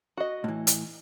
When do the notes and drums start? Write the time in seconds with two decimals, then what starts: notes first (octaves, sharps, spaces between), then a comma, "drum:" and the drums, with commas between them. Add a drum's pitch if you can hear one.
0.17 F#4 D#5
0.44 A2 E3
0.67 drum: hi-hat